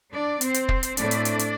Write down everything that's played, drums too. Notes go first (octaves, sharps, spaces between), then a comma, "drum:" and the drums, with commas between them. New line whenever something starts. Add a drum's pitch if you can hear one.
D4 D5
C4 C5, drum: hi-hat
drum: hi-hat
drum: kick
drum: hi-hat
A2 A3 C4 D4 D5, drum: hi-hat
drum: hi-hat
drum: hi-hat
drum: hi-hat